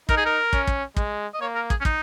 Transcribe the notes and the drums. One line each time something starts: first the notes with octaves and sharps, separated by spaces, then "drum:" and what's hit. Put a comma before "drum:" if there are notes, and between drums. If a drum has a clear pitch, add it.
D#4 A#4, drum: kick
G#4
A#4
C#4, drum: kick
drum: kick
G#3, drum: kick
D#5
A#3 C#5
A#4
G#4, drum: kick
C#4
D#4, drum: kick